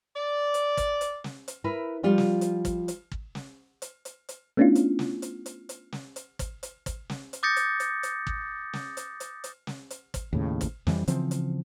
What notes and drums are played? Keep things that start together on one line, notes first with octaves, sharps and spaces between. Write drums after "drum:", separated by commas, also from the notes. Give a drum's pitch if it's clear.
D5
drum: hi-hat
drum: kick, hi-hat
drum: hi-hat
drum: snare
drum: hi-hat
E4 A#4 B4
F3 G3 F4
drum: snare
drum: hi-hat
drum: kick, hi-hat
drum: hi-hat
drum: kick
drum: snare
drum: hi-hat
drum: hi-hat
drum: hi-hat
A3 B3 C#4 D4 E4 F4
drum: hi-hat
drum: snare
drum: hi-hat
drum: hi-hat
drum: hi-hat
drum: snare
drum: hi-hat
drum: kick, hi-hat
drum: hi-hat
drum: kick, hi-hat
drum: snare
drum: hi-hat
D6 D#6 G6 A6 A#6 C#7
drum: hi-hat
drum: hi-hat
drum: hi-hat
drum: kick
drum: snare
drum: hi-hat
drum: hi-hat
drum: hi-hat
drum: snare
drum: hi-hat
drum: kick, hi-hat
D#2 A2 C#3
drum: kick, hi-hat
F2 E3 G3, drum: snare
C#3 E3 F3 C4, drum: hi-hat
drum: hi-hat